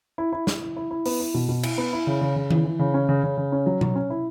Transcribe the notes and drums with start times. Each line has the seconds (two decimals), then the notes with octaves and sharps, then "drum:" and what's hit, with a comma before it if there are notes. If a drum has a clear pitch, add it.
0.18 E4
0.32 E4
0.47 E4, drum: snare
0.62 E4
0.77 E4
0.91 E4
1.06 B3, drum: open hi-hat
1.20 E4
1.34 B2
1.49 B2
1.63 E4, drum: cymbal
1.78 B3
1.93 E4
2.07 C#3
2.21 C#3
2.36 C#3
2.50 E3, drum: tom D#3
2.65 E3
2.79 C#3
2.94 C#4
3.09 C#3
3.23 C#3
3.37 C#3
3.52 C#4
3.66 F#3
3.81 F#3, drum: tom B2
3.96 C#4
4.10 E4